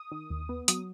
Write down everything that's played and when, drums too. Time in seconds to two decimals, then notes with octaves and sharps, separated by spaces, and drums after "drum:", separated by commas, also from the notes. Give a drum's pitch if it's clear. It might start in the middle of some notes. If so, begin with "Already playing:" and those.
Already playing: D#6
0.12 D#3
0.30 D#2
0.49 B3
0.68 F#3 D#6, drum: hi-hat